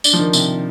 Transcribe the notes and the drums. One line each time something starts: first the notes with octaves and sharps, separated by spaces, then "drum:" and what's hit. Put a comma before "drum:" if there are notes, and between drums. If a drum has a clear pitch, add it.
D4, drum: tambourine
F3
D#3
C3, drum: tambourine